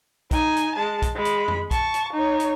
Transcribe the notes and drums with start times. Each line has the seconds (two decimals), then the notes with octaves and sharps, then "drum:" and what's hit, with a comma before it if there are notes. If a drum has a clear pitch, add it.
0.31 D#4 G#5, drum: kick, hi-hat
0.57 drum: hi-hat
0.76 G#3 A5
1.02 drum: kick, hi-hat
1.15 G#3 B5
1.25 drum: hi-hat
1.48 drum: tom F2
1.71 A5 C#6, drum: kick, hi-hat
1.94 drum: hi-hat
2.13 D#4 C#5
2.40 drum: hi-hat